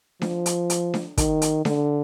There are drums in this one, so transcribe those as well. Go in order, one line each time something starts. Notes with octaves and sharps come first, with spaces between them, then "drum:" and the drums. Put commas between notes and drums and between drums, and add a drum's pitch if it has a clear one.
F3, drum: snare D4
drum: hi-hat
drum: hi-hat
drum: snare D4
D#3, drum: kick, hi-hat
drum: hi-hat
D3, drum: snare D4